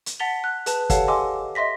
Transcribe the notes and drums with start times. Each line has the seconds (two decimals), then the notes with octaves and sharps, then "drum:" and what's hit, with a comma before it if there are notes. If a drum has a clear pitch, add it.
0.06 drum: hi-hat
0.20 F#5 A5 A6 B6 F7 G7
0.44 F#6
0.66 G#4 B4 A5, drum: hi-hat
0.90 G4 A4 C#5 F5 F#5 A5, drum: kick, hi-hat
1.08 D#5 F#5 G#5 C6 D6 E6
1.55 D#5 E5 C6 A#6 B6